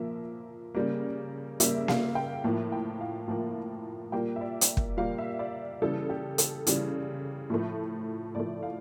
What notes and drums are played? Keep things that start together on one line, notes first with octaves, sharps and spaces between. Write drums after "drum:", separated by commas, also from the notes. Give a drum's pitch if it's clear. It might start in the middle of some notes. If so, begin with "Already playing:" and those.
Already playing: A#2 F3 A#3 E5
C#3 G3 A#3
C#3 G3 A#3 E5, drum: hi-hat
F5, drum: snare A#3
G5
A2 F3 A#3
G5
F5
A2 F3 A#3
A#2 G3 A#3 G5
E5
D5
drum: hi-hat
drum: kick
A#2 G3 A#3 F5
E5
D5
C#3 E3 G3 A4
G4
A4, drum: hi-hat
C#3 E3 G3, drum: hi-hat
A2 F3 A3
A2 F3 A3 D5
F5